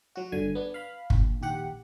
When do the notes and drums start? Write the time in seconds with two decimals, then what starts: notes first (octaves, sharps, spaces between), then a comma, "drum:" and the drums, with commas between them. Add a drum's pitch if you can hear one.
0.16 F#3 F#4
0.32 G1 D3 G#5
0.55 B3 D4
0.74 F5 B5
1.10 A#1, drum: kick
1.41 A#1 D#2 G4 F#5